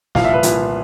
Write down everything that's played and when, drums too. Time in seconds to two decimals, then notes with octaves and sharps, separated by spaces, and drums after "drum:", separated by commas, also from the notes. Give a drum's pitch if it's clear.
0.15 C2 A#2 F3 F5, drum: snare
0.24 E5
0.33 B4
0.43 C2 A#2 F3, drum: hi-hat